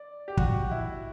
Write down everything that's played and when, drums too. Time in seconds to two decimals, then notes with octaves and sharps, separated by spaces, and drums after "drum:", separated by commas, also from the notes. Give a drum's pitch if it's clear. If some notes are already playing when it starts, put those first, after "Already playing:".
Already playing: D5
0.28 G4
0.37 F#4, drum: kick
0.71 E4